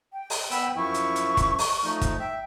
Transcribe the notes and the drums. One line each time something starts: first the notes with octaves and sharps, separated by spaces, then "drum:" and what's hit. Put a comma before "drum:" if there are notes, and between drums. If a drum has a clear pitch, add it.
G5
drum: open hi-hat
B3 B5 E6, drum: hi-hat
F#2 F3 E4 C#6
drum: hi-hat
drum: hi-hat
drum: kick, hi-hat
drum: open hi-hat
F3 A3 D#4
drum: kick, hi-hat
E5 G5